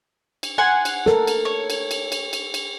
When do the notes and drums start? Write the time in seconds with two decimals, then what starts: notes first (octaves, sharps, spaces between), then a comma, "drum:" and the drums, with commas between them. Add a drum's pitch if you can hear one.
0.43 drum: cymbal
0.58 F#5 G#5 C6
0.85 drum: cymbal
1.06 A4 A#4, drum: snare
1.27 drum: cymbal
1.45 C#5
1.70 drum: cymbal
1.91 drum: cymbal
2.12 drum: cymbal
2.33 drum: cymbal
2.54 drum: cymbal